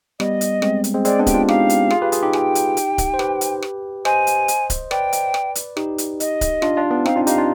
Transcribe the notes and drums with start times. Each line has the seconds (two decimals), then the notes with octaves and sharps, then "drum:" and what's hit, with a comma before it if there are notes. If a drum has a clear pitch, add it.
0.20 G3 B3 D#5, drum: rim click
0.41 drum: hi-hat
0.62 G#3 C4, drum: rim click
0.84 drum: hi-hat
0.94 G#3 C4
1.05 G#3 C4 D5, drum: hi-hat
1.19 B3 D4
1.27 G4 G5, drum: kick C#1, hi-hat
1.34 D4 F4
1.48 D#4 G4 F5, drum: rim click
1.69 drum: hi-hat
1.90 F4 G#4, drum: rim click
2.01 G4 B4
2.12 F4 G#4, drum: hi-hat
2.23 D#4 G4
2.33 G#5, drum: rim click
2.38 G5
2.55 drum: hi-hat
2.77 drum: hi-hat
2.98 drum: kick C#1, hi-hat
3.14 C5
3.19 G4 B4, drum: rim click
3.41 drum: hi-hat
3.62 drum: rim click
4.05 C5 D#5 G#5, drum: rim click
4.27 drum: hi-hat
4.48 drum: hi-hat
4.70 drum: kick C#1, hi-hat
4.91 B4 D5 G5, drum: rim click
5.13 drum: hi-hat
5.34 drum: rim click
5.55 drum: hi-hat
5.77 D#4 G4, drum: rim click
5.98 drum: hi-hat
6.20 D#5, drum: hi-hat
6.41 drum: kick C#1, hi-hat
6.62 D4 F4, drum: rim click
6.77 D4 F4
6.91 B3 D4
7.06 C4 D#4 F5, drum: rim click
7.16 D4 F4
7.27 D#4 G4 F5, drum: hi-hat
7.38 D4 F4